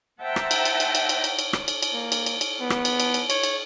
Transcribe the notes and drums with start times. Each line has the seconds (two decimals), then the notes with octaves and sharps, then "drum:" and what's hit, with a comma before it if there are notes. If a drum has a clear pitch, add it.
0.22 C5 E5 F#5 G5 A5 A#5
0.36 drum: rim click
0.51 drum: cymbal
0.65 drum: cymbal
0.80 drum: cymbal
0.95 drum: cymbal
1.09 drum: cymbal
1.24 drum: cymbal
1.39 drum: cymbal
1.53 drum: rim click
1.68 drum: cymbal
1.83 drum: cymbal
1.93 A#3
2.12 drum: cymbal
2.26 drum: cymbal
2.41 drum: cymbal
2.60 B3
2.70 drum: rim click
2.85 drum: cymbal
3.00 drum: cymbal
3.14 drum: cymbal
3.30 C#5, drum: cymbal
3.43 drum: cymbal